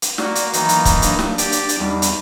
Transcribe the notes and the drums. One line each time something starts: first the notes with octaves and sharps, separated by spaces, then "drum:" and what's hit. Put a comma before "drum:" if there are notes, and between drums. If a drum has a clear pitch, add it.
drum: hi-hat
A#3 F#4 D5, drum: snare
drum: hi-hat
D#3 E3 F#3 A#3 D#4 A#5, drum: hi-hat
drum: hi-hat
drum: kick, hi-hat
D4, drum: hi-hat
drum: snare
G4 D5 G5, drum: hi-hat
drum: hi-hat
drum: hi-hat
E2 G3 D#4
drum: hi-hat